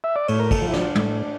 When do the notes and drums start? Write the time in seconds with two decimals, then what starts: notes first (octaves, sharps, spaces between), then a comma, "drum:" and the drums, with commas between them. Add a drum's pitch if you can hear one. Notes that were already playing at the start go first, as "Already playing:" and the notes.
0.04 E5
0.16 D5
0.28 A2 C#5, drum: cymbal
0.39 A#4
0.51 A4, drum: kick, cymbal
0.62 F3
0.68 E4
0.73 D4, drum: snare
0.95 A2, drum: tom